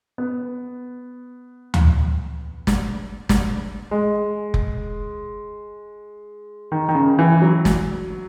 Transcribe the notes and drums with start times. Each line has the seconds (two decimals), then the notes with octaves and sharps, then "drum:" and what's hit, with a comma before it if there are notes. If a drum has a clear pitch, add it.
0.18 B3
1.74 drum: tom D2
2.67 drum: snare
3.29 drum: snare
3.91 G#3
4.54 drum: kick F1
6.72 D#3
6.89 D#3
6.95 C#3
7.19 E3
7.42 F#3
7.65 drum: snare